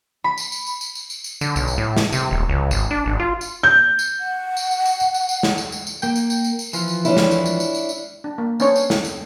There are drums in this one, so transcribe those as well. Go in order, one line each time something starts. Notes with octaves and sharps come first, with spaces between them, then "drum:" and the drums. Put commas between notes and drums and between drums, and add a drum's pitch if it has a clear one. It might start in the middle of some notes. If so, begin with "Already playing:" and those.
B5
drum: tambourine
drum: tambourine
drum: tambourine
drum: tambourine
drum: tambourine
drum: tambourine
drum: tambourine
D3, drum: tambourine
B1, drum: tambourine
drum: tambourine
A2
drum: snare
C3, drum: tambourine
D#1
C#2
G#1, drum: tambourine
D4
G#1
F4
drum: tambourine
G6
drum: tambourine
F#5
drum: tambourine
drum: tambourine
drum: tambourine
drum: tambourine
drum: tambourine
drum: tambourine
drum: snare
drum: tambourine
drum: tambourine
drum: tambourine
A#3 G5, drum: tambourine
drum: tambourine
drum: tambourine
drum: tambourine
drum: tambourine
E3 F3 F4, drum: tambourine
drum: tambourine
C#4 D4 E4, drum: tambourine
drum: snare
drum: tambourine
drum: tambourine
drum: tambourine
drum: tambourine
drum: tambourine
D4
A#3
B3 C#4 D4 C5 C#5, drum: tambourine
drum: tambourine
drum: snare
drum: tambourine